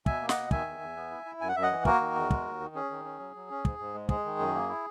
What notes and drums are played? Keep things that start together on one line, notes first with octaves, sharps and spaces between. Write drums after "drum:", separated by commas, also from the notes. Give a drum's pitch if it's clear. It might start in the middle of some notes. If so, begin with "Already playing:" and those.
B2 E5 G#5, drum: kick
A#3
D#5 F#5, drum: snare
B2
D#3 E5 G#5, drum: kick
E2
E2
B3
E4
E4
F#2 G#5
F#5
F#2 E5
D#5 F#5
E3
A#3 F#4 A#4, drum: kick
D#3
E2
G#3, drum: kick
D#2
D#3
C#4 G#4
D#3
C#4
F#3
F#3
C#4
G#2, drum: kick
G#2
G#3
G#3 G#4, drum: kick
D#3
F#2
A#3
E4